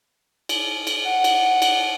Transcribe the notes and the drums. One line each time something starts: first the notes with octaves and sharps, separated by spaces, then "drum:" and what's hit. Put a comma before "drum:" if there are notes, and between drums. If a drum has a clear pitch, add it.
drum: cymbal
drum: cymbal
F#5
drum: cymbal
drum: cymbal